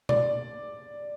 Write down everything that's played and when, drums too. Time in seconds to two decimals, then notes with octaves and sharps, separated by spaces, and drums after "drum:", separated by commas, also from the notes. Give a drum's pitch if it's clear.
0.09 D5, drum: tom B2